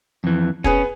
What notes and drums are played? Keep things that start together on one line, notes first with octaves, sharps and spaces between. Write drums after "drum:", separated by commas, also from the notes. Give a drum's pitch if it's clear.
F2 E3
B3 C#4 G#4 G#5, drum: kick